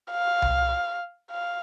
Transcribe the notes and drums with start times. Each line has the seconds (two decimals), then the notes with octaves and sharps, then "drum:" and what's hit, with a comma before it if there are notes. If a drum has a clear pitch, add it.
0.11 F5
0.42 drum: tom C2
1.31 F5